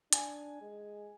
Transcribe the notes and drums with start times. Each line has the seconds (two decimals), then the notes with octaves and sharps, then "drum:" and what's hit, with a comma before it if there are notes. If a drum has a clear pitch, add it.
0.13 D4 G#5, drum: hi-hat
0.61 G#3